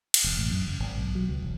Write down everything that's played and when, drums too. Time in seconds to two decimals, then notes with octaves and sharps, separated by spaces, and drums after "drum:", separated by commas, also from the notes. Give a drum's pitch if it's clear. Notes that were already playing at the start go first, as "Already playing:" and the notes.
0.14 drum: cymbal
0.24 E1
0.37 A1
0.50 F#2
0.66 F#1
0.80 G#1
0.98 B1
1.15 F#3
1.28 C#2
1.42 E1